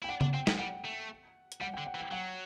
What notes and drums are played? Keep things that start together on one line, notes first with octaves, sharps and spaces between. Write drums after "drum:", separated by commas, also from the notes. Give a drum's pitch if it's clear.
E4 G5
D4 F#5
D4, drum: tom C#3
C4 G5
B3, drum: snare
G5
G3 F#5
A3
drum: hi-hat
G3 F#5
D3 G5
F#5
E3
G5
F#3 F#5